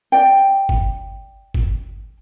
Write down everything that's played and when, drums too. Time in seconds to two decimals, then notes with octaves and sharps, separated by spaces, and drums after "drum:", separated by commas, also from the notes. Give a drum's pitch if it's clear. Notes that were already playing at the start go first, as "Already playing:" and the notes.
0.12 D5 G5
0.69 drum: kick G1
1.54 drum: kick G1